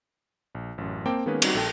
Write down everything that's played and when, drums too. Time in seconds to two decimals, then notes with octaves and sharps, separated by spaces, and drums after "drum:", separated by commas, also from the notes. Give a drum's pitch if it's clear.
0.55 A#1
0.78 A1 F#2
1.06 A#3 C4 G5 A5 D6
1.26 D#3 G#3 A#3 B3 C#4 B4
1.42 G3 C4 D#4 F#4, drum: cymbal
1.55 A#1 A4 G5 A5